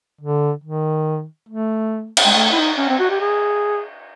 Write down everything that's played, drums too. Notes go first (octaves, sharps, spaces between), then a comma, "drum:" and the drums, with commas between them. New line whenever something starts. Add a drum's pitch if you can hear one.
D3
D#3
A3
drum: cymbal
G#3
A3
E4
D#4
C#4
C4
F#4
G4
G#4